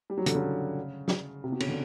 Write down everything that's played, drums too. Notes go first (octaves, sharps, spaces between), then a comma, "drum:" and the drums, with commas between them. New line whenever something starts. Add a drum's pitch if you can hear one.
G3
F#3
D3, drum: hi-hat
C#3
drum: snare
C3
B2
C#3, drum: cymbal
D3